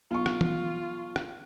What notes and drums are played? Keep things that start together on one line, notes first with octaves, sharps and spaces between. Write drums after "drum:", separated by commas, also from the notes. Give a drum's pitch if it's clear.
B1 F4 C#6
drum: rim click
drum: tom E3
drum: rim click